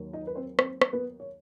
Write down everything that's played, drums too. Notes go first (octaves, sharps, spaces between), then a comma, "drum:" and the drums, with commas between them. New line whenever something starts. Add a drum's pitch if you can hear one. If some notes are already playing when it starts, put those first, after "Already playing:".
Already playing: D#2 D#3 F#3
D#4 D#5
B4
C4 C5
C4 C5, drum: rim click
drum: rim click
B3 B4
C#5